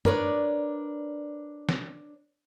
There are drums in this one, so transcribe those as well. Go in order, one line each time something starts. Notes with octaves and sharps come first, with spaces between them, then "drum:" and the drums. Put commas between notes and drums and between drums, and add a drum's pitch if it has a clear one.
D4 A#4 B4 C#5 D5, drum: tom
drum: snare